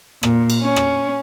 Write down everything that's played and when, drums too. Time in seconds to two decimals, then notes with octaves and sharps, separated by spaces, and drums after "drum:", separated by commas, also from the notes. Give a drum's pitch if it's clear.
0.23 A#2, drum: rim click
0.50 drum: cymbal
0.62 C#4
0.76 drum: rim click